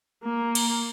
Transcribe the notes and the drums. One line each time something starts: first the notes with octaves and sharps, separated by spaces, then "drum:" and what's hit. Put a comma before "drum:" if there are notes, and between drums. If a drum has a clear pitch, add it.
A#3
drum: cymbal